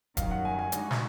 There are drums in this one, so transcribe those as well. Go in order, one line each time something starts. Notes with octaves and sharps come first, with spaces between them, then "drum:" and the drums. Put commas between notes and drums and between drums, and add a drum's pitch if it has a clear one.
F#2 D#3 F#3 F5, drum: kick, hi-hat
F#5
G#5
G#5
D3 G#3 D#4 F#4, drum: hi-hat
drum: snare